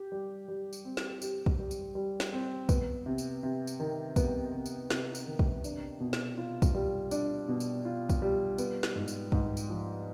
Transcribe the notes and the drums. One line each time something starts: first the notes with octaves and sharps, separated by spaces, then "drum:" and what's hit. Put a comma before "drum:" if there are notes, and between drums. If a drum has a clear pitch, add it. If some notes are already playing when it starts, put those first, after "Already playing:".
Already playing: G4
G3
G3
drum: tambourine
C4
drum: snare
G4, drum: tambourine
drum: kick
G3
drum: tambourine
G3
drum: snare
C4
B3, drum: kick, tambourine
C3
drum: tambourine
C3
drum: tambourine
D#3
B3, drum: kick, tambourine
C3
drum: tambourine
C3, drum: snare
drum: tambourine
D#3
drum: kick
D4, drum: tambourine
B2
drum: snare
F4
drum: kick, tambourine
G3
D4, drum: tambourine
B2
drum: tambourine
F4
drum: kick, tambourine
G3
B3, drum: tambourine
drum: snare
G#2
drum: tambourine
G#2, drum: kick
drum: tambourine
F3